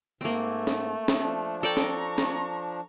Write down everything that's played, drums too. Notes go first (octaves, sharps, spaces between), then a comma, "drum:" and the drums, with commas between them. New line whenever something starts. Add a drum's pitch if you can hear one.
G#2 A3 A#3 C4
drum: snare
drum: snare
F3 D4
A4 D5 G5 A#5 C#6
drum: snare
drum: snare